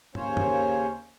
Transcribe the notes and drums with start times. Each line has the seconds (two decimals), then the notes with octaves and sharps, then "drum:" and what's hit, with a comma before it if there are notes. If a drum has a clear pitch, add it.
0.15 D#2 C#3 A#3 C#4 C5 C#5, drum: tom
0.37 drum: tom G2